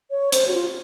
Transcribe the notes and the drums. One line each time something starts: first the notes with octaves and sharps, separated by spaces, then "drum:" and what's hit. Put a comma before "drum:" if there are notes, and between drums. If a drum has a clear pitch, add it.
C#5
C5, drum: hi-hat
F#4
F4